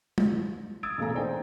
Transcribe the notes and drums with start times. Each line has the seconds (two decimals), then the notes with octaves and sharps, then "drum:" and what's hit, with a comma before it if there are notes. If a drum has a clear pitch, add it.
0.18 drum: tom
0.83 D#6 E6 G#6 A6 D7
0.98 E1 A1 A#3 G#4 A4 A#5
1.15 D4 D#4 C5 G5 G#5 A#5